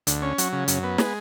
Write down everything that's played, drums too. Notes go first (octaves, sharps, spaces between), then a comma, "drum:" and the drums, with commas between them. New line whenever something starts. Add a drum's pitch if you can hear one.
D2, drum: hi-hat
C#4
F#3, drum: hi-hat
C#3
F#2, drum: hi-hat
B3
G#3, drum: snare